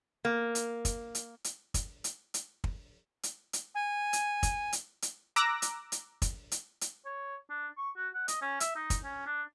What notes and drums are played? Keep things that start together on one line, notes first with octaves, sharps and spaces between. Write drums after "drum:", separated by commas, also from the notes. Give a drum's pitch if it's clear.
A#3
drum: hi-hat
drum: kick, hi-hat
drum: hi-hat
drum: hi-hat
drum: kick, hi-hat
drum: hi-hat
drum: hi-hat
drum: kick
drum: hi-hat
drum: hi-hat
G#5
drum: hi-hat
drum: kick, hi-hat
drum: hi-hat
drum: hi-hat
A#5 D6 E6 F#6 A#6
drum: hi-hat
drum: hi-hat
drum: kick, hi-hat
drum: hi-hat
drum: hi-hat
C#5
D4
C#6
F#4
F#5
D#5, drum: hi-hat
C#4
E5, drum: hi-hat
D#4
drum: kick, hi-hat
C#4
D4